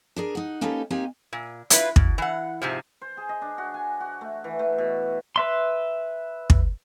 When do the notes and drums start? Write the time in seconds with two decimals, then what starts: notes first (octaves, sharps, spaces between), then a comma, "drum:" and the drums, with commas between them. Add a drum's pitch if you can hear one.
0.16 D4 G#4 A#4
0.35 D#4 F#5
0.61 A#3 C#4 D#4 G4 A4 B4
0.90 A#3 C4 D#4 G4 G#5
1.33 A#2
1.70 E4 F4 B4, drum: hi-hat
1.96 B2, drum: kick
2.18 E3 F#5
2.62 G#2 C3 F3
3.02 C5
3.17 G#4
3.29 D#5
3.42 D4
3.58 F#4
3.74 G#5
4.00 F#4
4.21 A3
4.44 E3
4.59 A3
4.78 B2
5.36 B4 E5 C6
6.50 drum: kick